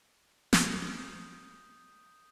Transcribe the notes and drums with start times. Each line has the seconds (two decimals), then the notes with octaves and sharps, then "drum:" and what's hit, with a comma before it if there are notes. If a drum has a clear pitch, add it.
0.53 drum: snare
0.66 D#6 G6